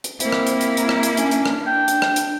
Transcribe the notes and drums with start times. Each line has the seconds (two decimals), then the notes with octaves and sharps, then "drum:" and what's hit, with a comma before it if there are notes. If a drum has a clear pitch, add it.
0.04 drum: hi-hat
0.20 A#3 C4 E4 C5, drum: hi-hat
0.32 drum: rim click
0.47 drum: hi-hat
0.61 drum: hi-hat
0.77 A#5, drum: hi-hat
0.89 drum: rim click
1.03 drum: hi-hat
1.17 C#4 D4, drum: hi-hat
1.31 drum: hi-hat
1.46 drum: rim click
1.67 G5
1.88 drum: hi-hat
2.02 drum: rim click
2.16 drum: hi-hat